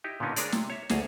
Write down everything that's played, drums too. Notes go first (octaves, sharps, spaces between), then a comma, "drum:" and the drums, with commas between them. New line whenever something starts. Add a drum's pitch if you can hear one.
D#4 E4 G4
A#2 D3 B3 C#4 D#4 A#4
G#3 D4 G#4 A#4 C#5 D5, drum: hi-hat
C3, drum: snare
C#5 E5
D2 G#4 C#5 A5 A#5, drum: snare